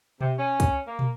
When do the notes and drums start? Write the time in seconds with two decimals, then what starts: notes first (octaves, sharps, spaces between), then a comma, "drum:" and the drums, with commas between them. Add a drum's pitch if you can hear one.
0.21 C3, drum: tom B2
0.39 C#4
0.60 drum: kick, hi-hat
0.87 A#3
0.99 drum: tom